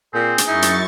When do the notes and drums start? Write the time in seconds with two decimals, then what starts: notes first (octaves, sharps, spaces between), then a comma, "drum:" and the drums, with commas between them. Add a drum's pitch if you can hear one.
0.14 A#2 C4 G#4
0.38 drum: hi-hat
0.47 F#2 D#4 E4 C#6 A6
0.62 drum: hi-hat